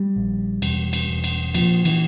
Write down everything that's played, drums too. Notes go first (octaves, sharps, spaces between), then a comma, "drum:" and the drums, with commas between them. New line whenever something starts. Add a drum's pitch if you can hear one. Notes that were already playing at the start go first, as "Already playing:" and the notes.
Already playing: G3
A#1
E1, drum: cymbal
drum: cymbal
E1
drum: cymbal
A#2 F3, drum: cymbal
E3, drum: cymbal